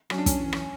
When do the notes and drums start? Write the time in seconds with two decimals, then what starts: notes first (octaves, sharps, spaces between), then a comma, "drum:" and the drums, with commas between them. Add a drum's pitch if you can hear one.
0.10 F#3 C#4, drum: rim click
0.18 D4
0.26 C#4, drum: kick, hi-hat
0.39 E3
0.53 drum: rim click